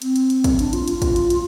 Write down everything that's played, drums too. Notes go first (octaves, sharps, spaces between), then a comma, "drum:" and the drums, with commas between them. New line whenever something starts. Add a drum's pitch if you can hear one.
C4, drum: hi-hat
drum: hi-hat
drum: hi-hat
drum: kick, hi-hat
D4, drum: hi-hat
F4, drum: hi-hat
F4, drum: hi-hat
drum: kick, hi-hat
drum: hi-hat
drum: hi-hat